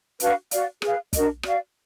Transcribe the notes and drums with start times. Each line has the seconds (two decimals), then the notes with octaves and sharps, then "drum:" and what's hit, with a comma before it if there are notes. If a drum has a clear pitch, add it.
0.20 D4 F#4 B4 F5, drum: hi-hat
0.51 F#4 D5 F5, drum: hi-hat
0.82 G#4 B4 F5, drum: rim click
1.13 D4 F#4 A#4 D#5, drum: kick, hi-hat
1.43 F#4 D5 F5, drum: rim click